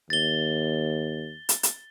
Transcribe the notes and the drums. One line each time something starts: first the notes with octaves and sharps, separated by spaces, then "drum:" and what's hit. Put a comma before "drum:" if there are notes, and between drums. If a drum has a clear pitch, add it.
D#2 A6 G7
drum: hi-hat
drum: hi-hat